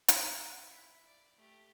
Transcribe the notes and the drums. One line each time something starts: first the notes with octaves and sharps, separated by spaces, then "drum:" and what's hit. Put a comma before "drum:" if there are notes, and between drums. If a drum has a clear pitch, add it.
drum: hi-hat
B4
E4 E5
D5
A3 G4